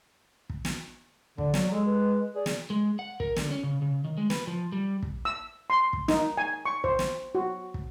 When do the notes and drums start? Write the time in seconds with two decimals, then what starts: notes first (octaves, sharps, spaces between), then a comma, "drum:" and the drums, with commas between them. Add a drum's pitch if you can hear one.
0.50 drum: kick
0.65 drum: snare
1.38 D3 D5, drum: kick
1.54 F#3, drum: snare
1.70 G#3 A4
1.86 B4
2.35 G#4 D5
2.46 drum: snare
2.70 G#3
2.99 F#5
3.20 A#4, drum: kick
3.36 D3, drum: snare
3.51 C#4
3.63 C#3
3.82 C#3
4.04 D#3
4.17 G#3
4.30 B4, drum: snare
4.47 F3
4.72 G3
5.03 drum: kick
5.25 E6
5.70 C6
5.93 drum: kick
6.08 D#4, drum: snare
6.38 G#5
6.66 C#6
6.84 C5, drum: kick
6.99 drum: snare
7.35 F#4
7.74 drum: kick